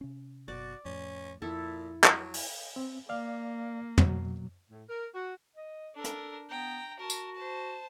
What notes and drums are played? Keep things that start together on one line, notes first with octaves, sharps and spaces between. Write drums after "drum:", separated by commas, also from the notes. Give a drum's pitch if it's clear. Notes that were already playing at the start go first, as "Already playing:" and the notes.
C3 C#4
F#1 B2 F#4 D5
F2 A2 C#4
F2 A#2 E4 A4
F#3, drum: clap
drum: open hi-hat
C4
A#3 D5 F5
B2 F#3, drum: tom
A2
A#4
F#4
D#5
D4 A4 A#4
drum: hi-hat
B3 G5 A#5
F#4 A#4 A5
drum: tambourine
C5 A5